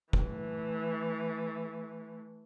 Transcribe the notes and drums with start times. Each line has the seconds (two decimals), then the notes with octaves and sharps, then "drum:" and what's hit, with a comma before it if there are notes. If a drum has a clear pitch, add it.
0.13 E3 A3, drum: kick